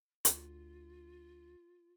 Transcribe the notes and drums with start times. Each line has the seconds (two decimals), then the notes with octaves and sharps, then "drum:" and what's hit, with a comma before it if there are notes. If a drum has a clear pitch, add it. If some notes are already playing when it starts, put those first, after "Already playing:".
0.25 D2 F4, drum: hi-hat